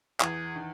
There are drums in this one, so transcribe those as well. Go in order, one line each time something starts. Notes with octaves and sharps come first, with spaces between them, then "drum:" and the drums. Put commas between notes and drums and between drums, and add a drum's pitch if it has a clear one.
E2 E3 G#4, drum: clap
D#3